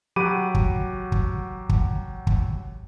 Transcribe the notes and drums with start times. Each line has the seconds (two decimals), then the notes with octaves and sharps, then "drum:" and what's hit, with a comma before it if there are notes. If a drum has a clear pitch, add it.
0.16 F#3 F#4 G4 B5 D6 D#7
0.55 drum: kick
1.12 drum: kick
1.69 drum: kick
2.27 drum: kick